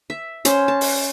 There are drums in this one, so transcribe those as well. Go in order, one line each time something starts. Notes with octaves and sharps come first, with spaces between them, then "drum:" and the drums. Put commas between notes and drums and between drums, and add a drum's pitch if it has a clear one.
E5
C#4 C5, drum: hi-hat
A5
drum: open hi-hat